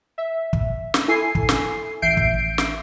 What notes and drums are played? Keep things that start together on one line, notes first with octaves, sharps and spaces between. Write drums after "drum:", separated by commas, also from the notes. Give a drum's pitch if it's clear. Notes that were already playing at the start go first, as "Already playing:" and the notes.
E5
drum: kick
drum: snare
E4 A4 G#5 C7
drum: kick
drum: snare
A1 E5 G6 C7 D7
drum: kick
drum: snare